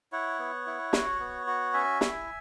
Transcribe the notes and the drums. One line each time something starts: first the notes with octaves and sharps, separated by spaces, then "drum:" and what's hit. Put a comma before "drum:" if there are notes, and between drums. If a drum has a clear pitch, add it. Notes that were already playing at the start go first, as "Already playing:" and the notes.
E4 C#5 F#5
B3
E4
F#4, drum: snare
B3
F#4
C#4 E5 G#5
E4, drum: snare